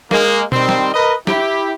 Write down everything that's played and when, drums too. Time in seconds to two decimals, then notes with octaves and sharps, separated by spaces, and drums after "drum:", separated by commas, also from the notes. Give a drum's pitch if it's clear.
0.11 G#3 A#3, drum: snare
0.52 D#3 G3 C4, drum: tom B2
0.69 drum: snare
0.94 A#4 B4 D#5
1.27 E4 G4, drum: snare